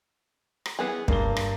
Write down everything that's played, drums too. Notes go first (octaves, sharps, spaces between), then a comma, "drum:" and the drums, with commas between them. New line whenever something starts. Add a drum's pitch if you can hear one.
drum: rim click
E3 B3 G#4
G2 A#3 G7, drum: kick
drum: rim click